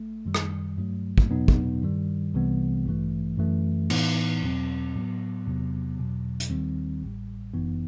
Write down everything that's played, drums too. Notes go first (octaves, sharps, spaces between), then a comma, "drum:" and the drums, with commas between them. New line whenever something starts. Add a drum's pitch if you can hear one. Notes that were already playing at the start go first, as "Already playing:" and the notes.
Already playing: G1 A3
F#2 D#3 G3
drum: rim click
G2 F#3 A3
drum: kick
E2 B2 F#3 B3 D#4
drum: kick
G2 D#3 G3
C2 C3 E3 G3 B3
A1 G2 E3 A3
F#2 E3 A3
A2 E3 B3 D#4, drum: cymbal
E2 B2 F#3 C4
A2 F#3 B3
E2 C3 F#3 B3
E2 B2 F#3
drum: hi-hat
D#2 D#3 G3 C4
A1 A2 G3
G1 F#2 E3 B3 D#4